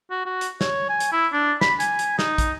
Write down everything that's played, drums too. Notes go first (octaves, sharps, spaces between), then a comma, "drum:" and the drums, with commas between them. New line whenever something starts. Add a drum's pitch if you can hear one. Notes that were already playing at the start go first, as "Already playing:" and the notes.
F#4
F#4
drum: hi-hat
C#5, drum: snare
G#5
drum: hi-hat
E4
D4
B5, drum: snare
G#5, drum: hi-hat
drum: hi-hat
D#4, drum: snare
drum: kick, hi-hat